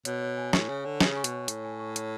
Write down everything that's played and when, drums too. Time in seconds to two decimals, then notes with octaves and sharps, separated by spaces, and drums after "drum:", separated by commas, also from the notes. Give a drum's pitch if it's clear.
0.05 B2 C#5, drum: hi-hat
0.21 C#5
0.37 G#5
0.53 A2 C#6, drum: snare
0.69 C#3 C#5
0.84 D3 C#5
1.00 C#3 G#5, drum: snare
1.16 C#6
1.24 B2, drum: hi-hat
1.32 C#5
1.48 A2 C#5, drum: hi-hat
1.65 G#5
1.80 C#6
1.96 C#5, drum: hi-hat